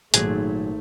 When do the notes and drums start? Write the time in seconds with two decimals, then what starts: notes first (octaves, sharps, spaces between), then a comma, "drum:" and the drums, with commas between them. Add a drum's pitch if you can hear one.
0.14 G#1 A#2 F#3 A3 G#4, drum: hi-hat